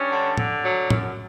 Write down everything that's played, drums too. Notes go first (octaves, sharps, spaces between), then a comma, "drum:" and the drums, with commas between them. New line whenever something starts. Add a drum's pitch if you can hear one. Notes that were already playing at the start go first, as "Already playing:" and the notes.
Already playing: G2 C#4
D3
D3, drum: tom A2
F#3
F#2, drum: tom A2